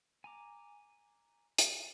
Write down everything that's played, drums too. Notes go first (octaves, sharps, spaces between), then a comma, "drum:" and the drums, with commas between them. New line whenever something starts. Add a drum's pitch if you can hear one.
G#5 A#5 D6
drum: hi-hat